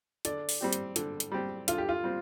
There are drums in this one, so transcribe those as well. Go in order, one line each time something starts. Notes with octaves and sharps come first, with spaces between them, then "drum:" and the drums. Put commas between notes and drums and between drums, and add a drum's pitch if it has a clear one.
D3 D5, drum: hi-hat
drum: open hi-hat
G3 C4 G4
drum: hi-hat
D3, drum: hi-hat
drum: hi-hat
G3 C4 G4
D3 F4, drum: hi-hat
G4
F4
G3 C4 G4